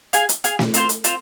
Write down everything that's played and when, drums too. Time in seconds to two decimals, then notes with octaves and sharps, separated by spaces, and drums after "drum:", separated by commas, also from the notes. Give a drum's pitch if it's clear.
0.13 G#4 F5 G#5, drum: hi-hat
0.29 drum: hi-hat
0.44 G#4 F5 G#5, drum: hi-hat
0.59 drum: snare
0.74 C4 F4 C5, drum: hi-hat
0.89 drum: hi-hat
1.04 C4 F4 C5, drum: hi-hat